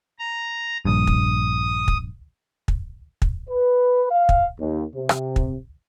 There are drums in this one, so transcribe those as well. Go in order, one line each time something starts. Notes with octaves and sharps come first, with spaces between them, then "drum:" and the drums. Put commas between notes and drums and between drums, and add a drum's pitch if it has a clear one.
A#5
A#1 G2 D#6
drum: kick
drum: kick
drum: kick
drum: kick
B4
F5
drum: kick
D#2
C3
drum: rim click
drum: kick